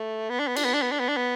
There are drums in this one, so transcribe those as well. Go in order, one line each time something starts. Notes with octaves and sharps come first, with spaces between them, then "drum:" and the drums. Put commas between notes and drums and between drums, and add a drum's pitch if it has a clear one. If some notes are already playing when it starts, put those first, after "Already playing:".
Already playing: A3
B3
D4
B3
D4, drum: cymbal
B3
D4
B3
D4
B3
D4
B3